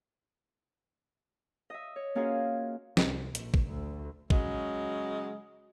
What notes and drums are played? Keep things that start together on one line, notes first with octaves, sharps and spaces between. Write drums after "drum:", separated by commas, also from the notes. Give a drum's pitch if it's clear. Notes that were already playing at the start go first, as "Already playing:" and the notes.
D#5 E5
C#5
A#3 C#4 F4 F#4 G#4
C2, drum: snare
A#1, drum: hi-hat
drum: kick
D2
C#3 F#3 G#3, drum: kick